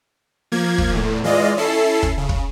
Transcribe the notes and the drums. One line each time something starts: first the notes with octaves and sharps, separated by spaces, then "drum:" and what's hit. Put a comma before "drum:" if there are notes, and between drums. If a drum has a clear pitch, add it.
F3 A#3 G#6
drum: kick
E2 A2
E3 G#3 F4 D5 D#5
C#4 E4 A4 C7
drum: kick
C#3
drum: kick